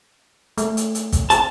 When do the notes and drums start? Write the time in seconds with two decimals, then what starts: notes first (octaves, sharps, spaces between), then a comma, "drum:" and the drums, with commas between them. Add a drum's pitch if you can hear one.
0.58 A3, drum: hi-hat
0.77 drum: hi-hat
0.95 drum: hi-hat
1.12 drum: kick, hi-hat
1.30 A5, drum: hi-hat